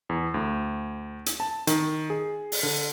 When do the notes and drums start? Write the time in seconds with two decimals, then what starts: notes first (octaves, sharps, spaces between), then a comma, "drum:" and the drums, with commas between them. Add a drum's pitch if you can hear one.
0.09 E2
0.34 D2
1.26 drum: hi-hat
1.40 A5
1.67 D#3, drum: hi-hat
2.10 G#4
2.52 drum: open hi-hat
2.63 D3